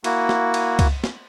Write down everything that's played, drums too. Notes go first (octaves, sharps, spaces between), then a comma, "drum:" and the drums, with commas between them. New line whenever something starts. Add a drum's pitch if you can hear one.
A#3 E4 F#4, drum: cymbal
drum: snare
drum: cymbal
drum: kick C#2, cymbal
drum: snare